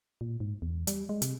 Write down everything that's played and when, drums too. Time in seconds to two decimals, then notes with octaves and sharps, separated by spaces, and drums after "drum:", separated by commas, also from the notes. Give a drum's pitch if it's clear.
0.21 A#2
0.40 G#2
0.62 E2
0.87 G3, drum: hi-hat
1.09 G#3
1.22 C3, drum: hi-hat